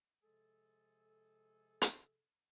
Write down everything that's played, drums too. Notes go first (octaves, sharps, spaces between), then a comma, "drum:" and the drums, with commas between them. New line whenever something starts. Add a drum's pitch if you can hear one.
C3 F3 G#3 G#4 A4
drum: hi-hat